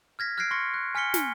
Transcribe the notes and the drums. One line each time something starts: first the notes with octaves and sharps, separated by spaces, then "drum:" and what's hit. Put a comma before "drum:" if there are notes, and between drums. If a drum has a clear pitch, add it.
F6 G#6 A#6 B6
F6 F#6 G#6 A#6 C7 D7
C6 C#6 A#6 C#7
F#6
G#5 F6 B6 C#7 G7
G#5, drum: snare